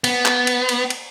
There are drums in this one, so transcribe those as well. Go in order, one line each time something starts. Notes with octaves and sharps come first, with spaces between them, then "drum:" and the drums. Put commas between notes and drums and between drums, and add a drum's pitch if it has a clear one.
B3, drum: cymbal
drum: clap
drum: cymbal
drum: cymbal
drum: cymbal